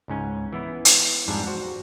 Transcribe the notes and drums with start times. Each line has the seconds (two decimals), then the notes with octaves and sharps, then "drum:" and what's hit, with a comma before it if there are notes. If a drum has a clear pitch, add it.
0.08 C#2 G#2 C#4 G#5
0.53 E3 B3 E4
0.85 drum: hi-hat
1.28 F2 G#2 G3 D4 A5
1.47 F#4 C5